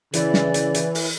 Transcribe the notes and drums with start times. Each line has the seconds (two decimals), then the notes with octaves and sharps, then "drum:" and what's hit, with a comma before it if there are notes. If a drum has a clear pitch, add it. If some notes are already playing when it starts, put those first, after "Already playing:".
0.13 C#3 E3 D5, drum: hi-hat
0.34 drum: snare
0.54 drum: hi-hat
0.74 drum: hi-hat
0.95 drum: open hi-hat